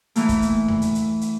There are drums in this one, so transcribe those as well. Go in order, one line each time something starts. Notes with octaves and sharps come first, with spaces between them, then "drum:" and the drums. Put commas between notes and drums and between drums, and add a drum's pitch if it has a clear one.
E3 A3 A#3, drum: hi-hat
drum: kick, hi-hat
drum: hi-hat
drum: tom E2
drum: hi-hat
drum: hi-hat
drum: hi-hat